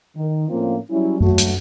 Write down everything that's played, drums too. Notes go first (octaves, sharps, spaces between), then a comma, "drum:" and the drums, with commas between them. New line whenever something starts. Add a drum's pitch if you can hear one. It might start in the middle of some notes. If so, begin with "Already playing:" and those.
D#3
A2 F3 A#3 C4 C#4 F4
F#3 G3 C#4 E4
F#3 A3 F#4, drum: tom F#2
drum: hi-hat